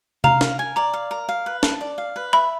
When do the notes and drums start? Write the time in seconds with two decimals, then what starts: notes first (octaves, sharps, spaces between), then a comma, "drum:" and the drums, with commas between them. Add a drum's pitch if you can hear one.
0.24 F5 A#5, drum: tom C3
0.41 A#4, drum: snare
0.59 G#5
0.76 D5 A#5
0.94 F5
1.11 A#4
1.29 F5
1.46 B4
1.63 A5, drum: snare
1.81 D5
1.98 F5
2.16 B4
2.33 E5 B5